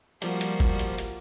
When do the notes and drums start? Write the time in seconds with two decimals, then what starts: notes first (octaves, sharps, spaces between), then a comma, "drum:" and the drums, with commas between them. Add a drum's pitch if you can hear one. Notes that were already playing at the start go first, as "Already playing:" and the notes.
0.22 F3 G3 A#3 F#4, drum: hi-hat
0.41 drum: hi-hat
0.60 drum: kick G1, hi-hat
0.79 drum: hi-hat
0.98 drum: hi-hat